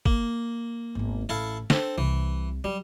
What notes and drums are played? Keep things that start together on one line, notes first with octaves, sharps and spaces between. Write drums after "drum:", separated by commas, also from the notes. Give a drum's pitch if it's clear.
A#3, drum: kick
G#1 E2
A1 E4 A4 F5
C4 D4 A4, drum: snare
C2 C3 E3
F#3 G3